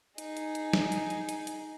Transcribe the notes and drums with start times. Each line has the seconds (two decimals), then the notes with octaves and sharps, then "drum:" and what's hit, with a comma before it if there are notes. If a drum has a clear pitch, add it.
0.18 D#4 G#4, drum: hi-hat
0.37 drum: hi-hat
0.55 drum: hi-hat
0.73 drum: snare
0.92 drum: hi-hat
1.10 drum: hi-hat
1.29 drum: hi-hat
1.47 drum: hi-hat